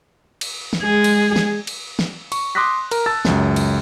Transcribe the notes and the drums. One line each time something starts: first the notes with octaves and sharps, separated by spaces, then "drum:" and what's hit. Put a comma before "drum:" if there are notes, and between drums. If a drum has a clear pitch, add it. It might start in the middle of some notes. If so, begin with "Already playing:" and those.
drum: cymbal
drum: snare
G#3 G#4
drum: cymbal
drum: snare
drum: cymbal
drum: snare
C#6, drum: cymbal
C6 D6 D#6 F#6 A#6 B6
A#4, drum: cymbal
A5 E6 A6
C#2 F#2, drum: snare
drum: cymbal